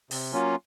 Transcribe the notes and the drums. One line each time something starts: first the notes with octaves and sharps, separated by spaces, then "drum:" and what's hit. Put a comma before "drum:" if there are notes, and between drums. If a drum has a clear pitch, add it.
C3, drum: open hi-hat
F#3 A#3 C#4 F4